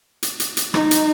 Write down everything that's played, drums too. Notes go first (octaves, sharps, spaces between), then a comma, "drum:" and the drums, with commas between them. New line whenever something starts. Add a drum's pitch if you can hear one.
drum: hi-hat
drum: hi-hat
drum: hi-hat
D#4, drum: rim click
drum: hi-hat